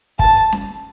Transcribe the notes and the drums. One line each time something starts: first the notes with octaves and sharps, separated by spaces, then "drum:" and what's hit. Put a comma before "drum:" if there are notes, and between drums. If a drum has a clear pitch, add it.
A5, drum: kick
drum: snare C#4